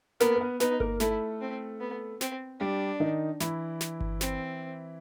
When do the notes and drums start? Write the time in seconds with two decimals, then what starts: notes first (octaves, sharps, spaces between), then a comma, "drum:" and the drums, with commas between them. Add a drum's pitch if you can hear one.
0.20 A#3 B3 A#4, drum: snare
0.36 A#4
0.40 B3 B4
0.60 B3 D#4 B4, drum: snare
0.80 A#3 A#4, drum: kick G1
1.00 A3 E4 A4, drum: snare
1.41 C4
1.80 B3
2.21 C4, drum: snare
2.60 G3 D4 G4
3.00 D#3 D#4
3.40 E3 E4, drum: snare
3.81 drum: snare
4.01 drum: kick G1
4.21 C4, drum: snare